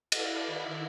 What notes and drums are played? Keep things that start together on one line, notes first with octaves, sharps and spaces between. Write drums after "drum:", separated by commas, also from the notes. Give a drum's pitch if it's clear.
E4 A4 B4 D5 F5, drum: cymbal
D#3 E4